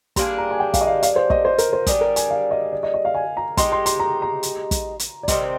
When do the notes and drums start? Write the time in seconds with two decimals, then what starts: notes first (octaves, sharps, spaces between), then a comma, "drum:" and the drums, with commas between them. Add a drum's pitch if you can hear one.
0.16 G3 A#3 D4 G#4 C6, drum: kick, hi-hat
0.38 A#5
0.51 G#5
0.60 G5
0.74 F5, drum: kick, hi-hat
0.81 D#5
0.87 F5
1.03 F5, drum: hi-hat
1.16 C5
1.30 D#5, drum: kick
1.45 C5
1.58 A#4, drum: hi-hat
1.73 C5
1.87 G3 D4 G#4, drum: kick, hi-hat
2.01 A#4
2.16 G#5, drum: hi-hat
2.30 F5
2.51 D#5
2.73 D5
2.83 D#5
2.94 D#5
3.05 F5
3.15 G#5
3.37 A#5
3.57 G#3 D#4 G4 C6, drum: kick, hi-hat
3.72 C6
3.86 C6, drum: hi-hat
4.00 A#5
4.22 A#5
4.43 drum: hi-hat
4.71 drum: kick, hi-hat
4.99 drum: hi-hat
5.23 D5
5.28 C3 D#3 G3 C4 D#5, drum: kick, hi-hat